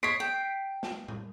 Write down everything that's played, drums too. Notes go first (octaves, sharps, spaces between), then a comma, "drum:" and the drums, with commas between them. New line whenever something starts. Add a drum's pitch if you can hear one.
C#5 D#5 B6 C7 D7
G5
drum: snare
drum: tom A2